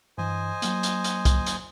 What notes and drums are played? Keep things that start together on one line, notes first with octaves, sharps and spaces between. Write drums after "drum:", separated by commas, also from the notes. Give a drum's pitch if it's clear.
G2 E3 C5 D#5 G#5
F#3 A#3, drum: hi-hat
drum: hi-hat
drum: hi-hat
drum: kick, hi-hat
drum: hi-hat